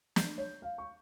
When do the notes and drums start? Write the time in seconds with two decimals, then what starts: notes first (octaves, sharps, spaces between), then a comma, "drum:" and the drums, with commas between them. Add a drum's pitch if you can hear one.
0.16 G6, drum: snare
0.38 C#5
0.62 F5
0.78 C#6